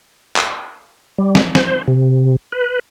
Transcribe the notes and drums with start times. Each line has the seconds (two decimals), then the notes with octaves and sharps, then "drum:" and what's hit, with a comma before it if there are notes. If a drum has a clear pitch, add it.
0.36 drum: clap
1.18 G3
1.35 drum: snare
1.55 C5, drum: snare
1.88 C3
2.52 B4